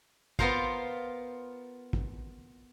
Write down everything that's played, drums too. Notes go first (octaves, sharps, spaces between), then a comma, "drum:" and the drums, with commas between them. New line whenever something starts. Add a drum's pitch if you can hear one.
B3 F4 A#4 C5 F5, drum: kick
drum: kick